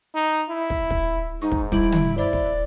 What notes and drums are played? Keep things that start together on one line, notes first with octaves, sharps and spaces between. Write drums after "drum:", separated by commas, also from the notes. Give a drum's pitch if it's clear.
D#4
E4
drum: kick
drum: kick
G#2 D#4 C#6
drum: kick
G3 E4 D7 F#7, drum: kick
drum: tom
E4 C5 D5
drum: kick